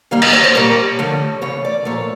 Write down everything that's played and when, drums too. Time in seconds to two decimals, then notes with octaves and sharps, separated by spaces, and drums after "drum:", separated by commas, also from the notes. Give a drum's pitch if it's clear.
0.11 D#3 G3 A#3 F5
0.22 D#5, drum: cymbal
0.33 C#5
0.44 C5
0.55 A#2 G3 A#3 C#5
0.99 D3 F3 A3
1.42 C#3 E3 A3 C#5
1.65 D5
1.85 A#2 F3 A3 C#5